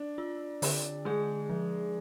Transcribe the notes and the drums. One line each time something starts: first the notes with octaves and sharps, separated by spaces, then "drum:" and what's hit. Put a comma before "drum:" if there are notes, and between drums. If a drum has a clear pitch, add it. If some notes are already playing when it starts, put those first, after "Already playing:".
Already playing: D4
F4
D3, drum: open hi-hat
G#3 G#4
F3